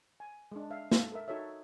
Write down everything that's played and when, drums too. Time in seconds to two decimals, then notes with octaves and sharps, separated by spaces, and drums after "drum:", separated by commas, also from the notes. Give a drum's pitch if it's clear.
0.20 G#5
0.52 G#3 D4
0.71 E5 F5
0.91 A4, drum: snare
1.12 A4 A#4 E5
1.28 D#4 F#4 A4 C#5 E5